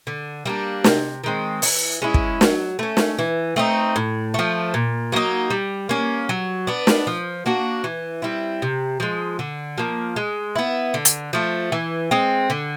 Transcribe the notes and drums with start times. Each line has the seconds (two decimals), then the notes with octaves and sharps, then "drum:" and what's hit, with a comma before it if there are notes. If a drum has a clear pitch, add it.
0.07 D3
0.46 G3 A#3 D4
0.84 C3, drum: snare
1.24 D#3 G#3 C4
1.62 E3, drum: open hi-hat
2.02 G#3 C#4 E4
2.14 drum: kick
2.41 F#3, drum: snare
2.79 A3 C#4
2.97 drum: snare
3.19 E3
3.56 A3 C4 D#4
3.96 A2
4.34 F3 A3
4.74 A#2
5.12 F#3 A#3 D#4
5.50 G3
5.89 A#3 C#4
6.29 F#3
6.67 B3 D4
6.87 drum: snare
7.07 F3
7.46 A#3 D4 F#4
7.84 E3
8.22 G3 C4 E4
8.62 C3
9.00 F3 G#3
9.39 D3
9.78 F3 A#3
10.16 G#3
10.56 B3 E4
10.94 D3
11.05 drum: hi-hat
11.33 F3 A3
11.72 E3
12.11 G#3 C4
12.50 D3